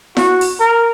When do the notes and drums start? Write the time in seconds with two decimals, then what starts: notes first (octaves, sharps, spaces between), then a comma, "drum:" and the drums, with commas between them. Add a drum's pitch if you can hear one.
0.17 F#4, drum: snare E4
0.41 drum: open hi-hat
0.60 A#4